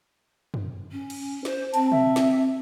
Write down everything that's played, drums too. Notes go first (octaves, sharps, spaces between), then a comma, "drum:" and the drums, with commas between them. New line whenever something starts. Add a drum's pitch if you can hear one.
drum: tom F#2
C#4
drum: cymbal
C5, drum: snare
C4 A5, drum: hi-hat
E5, drum: tom B2
drum: snare